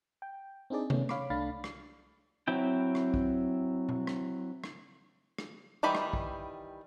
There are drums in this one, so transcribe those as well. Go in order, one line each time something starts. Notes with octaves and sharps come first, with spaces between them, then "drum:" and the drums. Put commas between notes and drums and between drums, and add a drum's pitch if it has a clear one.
G5
C4 D4 D#4 G#4 D5
A3 B3 C#4, drum: tom C3
C#5 F5 B5 D6, drum: rim click
C2 A3 D4 F5 B5 A6
drum: rim click
F#3 C4 E4 G5
drum: rim click
drum: kick
drum: tom B2
drum: rim click
drum: rim click
drum: rim click
D#3 E3 G3 B5
drum: rim click
drum: kick